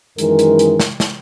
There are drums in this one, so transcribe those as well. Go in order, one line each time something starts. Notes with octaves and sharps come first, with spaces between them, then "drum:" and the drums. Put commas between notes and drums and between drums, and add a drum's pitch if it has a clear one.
F#2 D#3 E3 G#3 A#4, drum: hi-hat
drum: hi-hat
drum: hi-hat
drum: snare
drum: snare